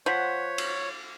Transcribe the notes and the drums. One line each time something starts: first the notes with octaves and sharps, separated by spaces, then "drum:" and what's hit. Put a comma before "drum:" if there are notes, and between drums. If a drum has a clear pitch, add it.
F3 C5 C#5 F#5 G6 B6
drum: cymbal